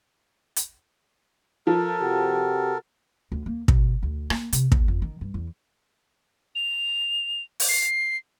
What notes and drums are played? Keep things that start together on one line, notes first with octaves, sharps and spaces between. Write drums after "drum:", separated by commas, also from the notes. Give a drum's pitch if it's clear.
drum: hi-hat
F3 A4 A#4
C3 F#4 G4
D2
A#3
B2, drum: kick
D2
A#3, drum: rim click
C3, drum: hi-hat
D#2, drum: kick
F2
D#3
G2
E2
F7
drum: open hi-hat
C7